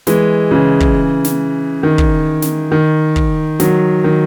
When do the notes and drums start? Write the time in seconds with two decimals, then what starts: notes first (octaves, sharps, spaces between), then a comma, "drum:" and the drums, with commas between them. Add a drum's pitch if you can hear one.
0.07 E3 G#3, drum: snare
0.51 C#3 E3
0.80 drum: kick
1.25 drum: snare
1.83 D#3
1.98 drum: kick
2.42 drum: snare
2.72 D#3
3.16 drum: kick
3.60 D#3 F#3, drum: snare
4.04 D#3